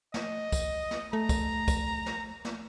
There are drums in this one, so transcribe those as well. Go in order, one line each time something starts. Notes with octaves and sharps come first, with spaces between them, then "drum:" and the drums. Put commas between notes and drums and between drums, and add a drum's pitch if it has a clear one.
D#5, drum: snare
drum: kick, tambourine
drum: snare
A3 A#5
drum: kick, tambourine
drum: kick, tambourine
drum: snare
drum: snare